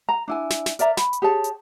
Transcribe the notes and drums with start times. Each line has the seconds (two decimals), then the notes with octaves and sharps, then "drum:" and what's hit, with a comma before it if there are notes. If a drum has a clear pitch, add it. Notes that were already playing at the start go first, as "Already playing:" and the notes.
0.09 A#5
0.28 D4 E4 G#5
0.50 drum: snare
0.66 drum: snare
0.79 A#4 D5 E5 A#5, drum: hi-hat
0.97 B5, drum: snare
1.13 drum: hi-hat
1.22 G4 G#4 C#5 A5
1.44 drum: hi-hat